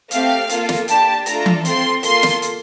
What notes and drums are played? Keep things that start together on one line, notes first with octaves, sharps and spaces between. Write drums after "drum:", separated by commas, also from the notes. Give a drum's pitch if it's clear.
A3 C4 G4 F5, drum: hi-hat
A#3 F4 A4, drum: hi-hat
drum: snare
A#3 D4 G4 A5, drum: hi-hat
A3 D4 F4 A4 A#5, drum: hi-hat
drum: tom E3
C4 F4 A4 C6, drum: hi-hat
A#3 F4 A4 C6, drum: hi-hat
drum: snare
drum: hi-hat